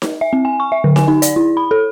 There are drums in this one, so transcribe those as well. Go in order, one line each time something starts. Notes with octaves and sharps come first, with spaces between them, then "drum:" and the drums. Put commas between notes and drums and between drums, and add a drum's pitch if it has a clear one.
drum: snare D#4
E5
C4
G#5
C#6
E5
D3
G#5, drum: snare D#4
D#4
D5, drum: hi-hat
E4
B5
A4